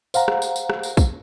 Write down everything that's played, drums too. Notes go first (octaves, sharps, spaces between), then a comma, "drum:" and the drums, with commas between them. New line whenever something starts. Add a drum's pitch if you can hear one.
C5 F5 F#5 A#5, drum: tambourine
drum: rim click
drum: tambourine
drum: tambourine
drum: rim click
drum: tambourine
drum: kick, tambourine